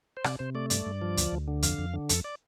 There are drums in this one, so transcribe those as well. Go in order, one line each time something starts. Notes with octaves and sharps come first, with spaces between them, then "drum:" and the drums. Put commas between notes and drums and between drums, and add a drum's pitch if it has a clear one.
C5
C3 D5, drum: rim click
C3 C5
A3 D5
G2 D5, drum: hi-hat
G2
F3
D2, drum: hi-hat
D2
D3
F2 F5, drum: hi-hat
F2
D3
F2 A4, drum: hi-hat
D5